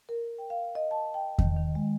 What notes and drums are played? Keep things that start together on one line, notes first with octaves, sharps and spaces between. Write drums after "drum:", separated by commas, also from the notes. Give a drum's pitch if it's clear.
A#4
G5
F5
D#5
A5
G5
D#3, drum: kick E2
D#3
G#3